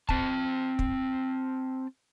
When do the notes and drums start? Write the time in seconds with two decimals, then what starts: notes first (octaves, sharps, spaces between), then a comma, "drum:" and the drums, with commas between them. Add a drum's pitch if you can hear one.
0.09 C4 A5, drum: kick
0.79 drum: kick